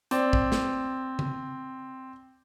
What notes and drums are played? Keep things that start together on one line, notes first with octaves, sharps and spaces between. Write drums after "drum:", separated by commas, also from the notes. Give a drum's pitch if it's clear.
C4 D5, drum: hi-hat
drum: kick
drum: snare
drum: tom C#3